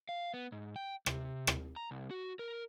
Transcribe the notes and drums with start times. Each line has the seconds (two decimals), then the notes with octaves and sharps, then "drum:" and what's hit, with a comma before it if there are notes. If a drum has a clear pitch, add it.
0.09 F5
0.34 B3
0.52 G#2
0.76 G5
1.06 C3, drum: rim click
1.47 drum: rim click
1.76 A#5
1.91 C2
2.11 F#4
2.39 A#4